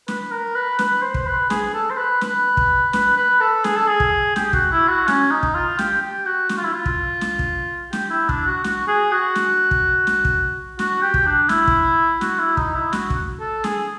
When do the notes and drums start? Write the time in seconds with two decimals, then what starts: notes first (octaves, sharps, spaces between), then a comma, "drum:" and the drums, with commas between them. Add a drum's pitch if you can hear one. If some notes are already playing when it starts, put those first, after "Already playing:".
0.08 B4, drum: snare
0.31 A#4
0.55 B4
0.79 B4, drum: snare
1.02 C5
1.14 drum: kick
1.27 B4
1.50 G#4, drum: snare
1.74 A4
1.91 C5
1.98 B4
2.21 B4, drum: snare
2.57 drum: kick
2.93 B4, drum: snare
3.17 B4
3.41 A4
3.64 G#4, drum: snare
3.76 A4
3.88 G#4
4.00 drum: kick
4.36 G4, drum: snare
4.53 F#4, drum: kick
4.72 E4
4.89 F#4
5.08 C#4, drum: snare
5.31 D#4
5.43 drum: kick
5.55 F4
5.79 G4, drum: snare
6.02 G4
6.26 F#4
6.49 F#4, drum: snare
6.58 F4
6.64 E4
6.72 F4
6.86 drum: kick
7.21 drum: snare
7.39 drum: kick
7.93 G4, drum: snare
8.10 E4
8.29 D4, drum: kick
8.46 F#4
8.64 F#4, drum: snare
8.88 G#4
9.12 F#4
9.35 drum: snare
9.71 drum: kick
10.07 drum: snare
10.25 drum: kick
10.79 F#4, drum: snare
11.02 G4
11.14 drum: kick
11.26 D4
11.49 E4, drum: snare
11.68 drum: kick
12.21 F#4, drum: snare
12.39 E4
12.57 D#4, drum: kick
12.75 E4
12.93 F#4, drum: snare
13.10 drum: kick
13.40 A4
13.64 G#4, drum: snare